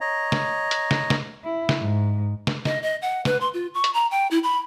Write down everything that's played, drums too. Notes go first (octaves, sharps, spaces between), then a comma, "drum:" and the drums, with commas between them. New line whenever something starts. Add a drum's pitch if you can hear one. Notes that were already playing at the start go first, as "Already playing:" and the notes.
C#5 D#5 A#5
drum: snare
drum: hi-hat
drum: snare
drum: snare
E4
drum: snare
G#2
drum: snare
D#5, drum: snare
D#5
F#5
B4, drum: snare
C6
F4
C#6
drum: hi-hat
A#5
G5
E4
B5